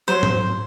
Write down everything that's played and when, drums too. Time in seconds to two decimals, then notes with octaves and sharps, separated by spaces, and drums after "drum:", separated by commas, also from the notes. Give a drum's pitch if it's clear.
0.08 F#3 C5
0.23 drum: tom G#2